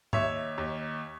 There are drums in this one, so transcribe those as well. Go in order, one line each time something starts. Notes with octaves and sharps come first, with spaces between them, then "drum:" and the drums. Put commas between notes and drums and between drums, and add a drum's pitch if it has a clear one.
D#2 C#5 E5, drum: tom G#2
D#2